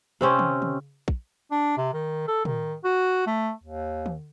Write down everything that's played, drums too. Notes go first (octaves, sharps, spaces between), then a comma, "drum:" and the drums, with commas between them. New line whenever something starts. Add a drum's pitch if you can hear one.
C3 C4 C#4
drum: tom
drum: tom
drum: kick
D4
C3
D#3
A4
D#3, drum: tom
F#4
A3
D#2
drum: tom